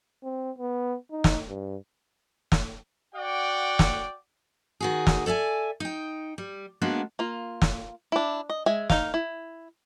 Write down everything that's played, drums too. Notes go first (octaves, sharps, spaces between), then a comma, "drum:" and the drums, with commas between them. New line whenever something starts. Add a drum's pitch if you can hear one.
C4
B3
D#4
drum: snare
G2
drum: snare
F#4 D5 F#5 G5
drum: snare
D#3 F#4 G#4
drum: snare
A4 D5 E5 G#5
D#4 G5
G3
G#3 A#3 B3 D4 F#4
A#3 F4
drum: snare
D4 E4
D#5
G#3 E5 G#5
D#4 F5, drum: snare
E4